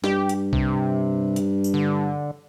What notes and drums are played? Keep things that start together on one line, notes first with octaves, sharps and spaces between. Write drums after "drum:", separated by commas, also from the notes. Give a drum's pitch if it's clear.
G2 G4, drum: snare
drum: hi-hat
C3, drum: kick C2
drum: hi-hat
drum: tambourine
D3